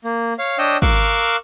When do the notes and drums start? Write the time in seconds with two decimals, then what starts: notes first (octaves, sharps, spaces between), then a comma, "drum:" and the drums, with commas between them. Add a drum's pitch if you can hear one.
0.04 A#3
0.39 C#5 F5
0.58 D4 C#5 D#5 G5 E6
0.82 A#4 F5 C#6 D6 E6 F#6, drum: kick